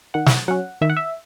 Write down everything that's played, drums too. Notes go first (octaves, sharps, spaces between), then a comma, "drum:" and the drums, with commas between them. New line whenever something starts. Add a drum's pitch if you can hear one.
D#3 F#5
drum: snare
F#3 C#4 F#5
D#3 E5
F#5
E5